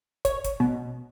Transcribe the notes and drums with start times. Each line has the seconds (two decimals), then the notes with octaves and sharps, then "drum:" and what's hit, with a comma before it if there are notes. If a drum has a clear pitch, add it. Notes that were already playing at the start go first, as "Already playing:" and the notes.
0.25 C#5, drum: kick, hi-hat
0.44 drum: kick, hi-hat
0.60 B2